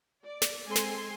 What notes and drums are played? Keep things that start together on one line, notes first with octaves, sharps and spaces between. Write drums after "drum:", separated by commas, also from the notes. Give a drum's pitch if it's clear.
D5
drum: snare
G#3 C4 A4 G#5 C6
drum: snare